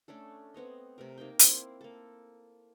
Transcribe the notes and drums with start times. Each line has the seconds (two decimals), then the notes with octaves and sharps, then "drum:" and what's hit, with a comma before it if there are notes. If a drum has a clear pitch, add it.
0.08 A3 C#4 D4 A4
0.54 B3 C4 C#5 D#5
0.98 C3 A3 A#4
1.18 A#3 D#4 A#4 G5
1.39 C4 E4 C5, drum: hi-hat
1.81 A#3 A4